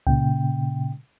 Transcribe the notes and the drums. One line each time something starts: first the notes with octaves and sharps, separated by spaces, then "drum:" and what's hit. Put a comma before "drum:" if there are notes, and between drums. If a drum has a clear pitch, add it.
A#2 C#3 G5, drum: kick C#2